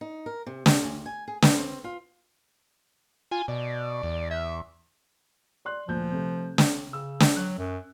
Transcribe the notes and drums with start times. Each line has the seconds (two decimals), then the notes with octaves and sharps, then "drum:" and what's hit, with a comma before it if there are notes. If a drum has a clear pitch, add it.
0.01 D#4
0.26 A#4
0.46 C3
0.66 C3, drum: snare
0.83 D2
1.06 G#5
1.28 G#4
1.42 B4, drum: snare
1.58 C4
1.84 F4
3.31 F4 G#5
3.48 B2 D5
4.03 E2
4.31 E5
5.65 D5 C6 F#6
5.88 D2 A#2 F3 G6
6.12 C3 A3
6.58 drum: snare
6.93 C#3 E6
7.20 drum: snare
7.36 F#3 F#6
7.58 F#2